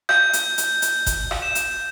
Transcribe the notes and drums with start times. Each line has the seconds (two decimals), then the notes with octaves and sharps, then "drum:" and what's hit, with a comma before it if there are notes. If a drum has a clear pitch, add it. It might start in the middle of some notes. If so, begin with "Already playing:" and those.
0.09 G6, drum: rim click
0.33 drum: hi-hat
0.58 drum: hi-hat
0.82 drum: hi-hat
1.06 drum: kick F#1, hi-hat
1.31 drum: rim click
1.42 E7
1.55 drum: hi-hat